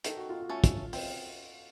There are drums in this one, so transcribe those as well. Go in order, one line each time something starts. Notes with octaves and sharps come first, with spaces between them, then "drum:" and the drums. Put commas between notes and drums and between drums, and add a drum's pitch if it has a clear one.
D#3 A4, drum: hi-hat
F#4
F4
F#4
A3 C#4 A4
drum: kick, hi-hat
C4, drum: open hi-hat